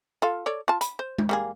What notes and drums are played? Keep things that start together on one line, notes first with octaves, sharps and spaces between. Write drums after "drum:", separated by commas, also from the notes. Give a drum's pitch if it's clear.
F4 A4 F5
A4 C#5 D5
F4 A5
B5, drum: hi-hat
C5
drum: tom G#3
G3 A#3 G#4